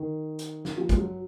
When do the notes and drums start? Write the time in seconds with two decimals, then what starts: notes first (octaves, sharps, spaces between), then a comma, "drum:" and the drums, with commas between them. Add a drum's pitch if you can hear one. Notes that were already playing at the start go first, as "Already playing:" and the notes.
Already playing: D#3
0.39 drum: hi-hat
0.65 drum: snare
0.78 F3
0.89 G#3, drum: kick, hi-hat
0.97 F#3